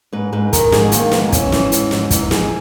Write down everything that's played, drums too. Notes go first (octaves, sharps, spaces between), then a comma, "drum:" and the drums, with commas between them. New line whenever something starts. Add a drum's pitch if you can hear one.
G#2 B4
G#2 B4
D#3 A#4, drum: kick, hi-hat
G#2 G#4, drum: snare
D#3 A#3, drum: hi-hat
G#2 B3, drum: snare
E3 C#4, drum: kick, hi-hat
E3, drum: snare
G#2, drum: hi-hat
G#2, drum: snare
E3 D#4, drum: kick, hi-hat
G#2 G#4, drum: snare